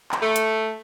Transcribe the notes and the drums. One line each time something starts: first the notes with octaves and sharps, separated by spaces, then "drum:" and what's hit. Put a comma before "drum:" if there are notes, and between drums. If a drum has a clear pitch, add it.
drum: clap
A3
drum: hi-hat